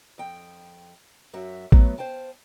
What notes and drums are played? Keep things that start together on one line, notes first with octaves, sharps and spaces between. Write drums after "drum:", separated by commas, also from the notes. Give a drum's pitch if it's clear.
F2 G5
F#2 F#4 E5 F#5
F#3 A3 B3 B4 C#5, drum: kick A1
C5 F5 G5 A5